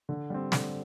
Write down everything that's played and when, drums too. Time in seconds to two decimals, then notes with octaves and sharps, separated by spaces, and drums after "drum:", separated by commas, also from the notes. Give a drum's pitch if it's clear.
0.09 D3
0.30 G3 C4
0.52 D3, drum: snare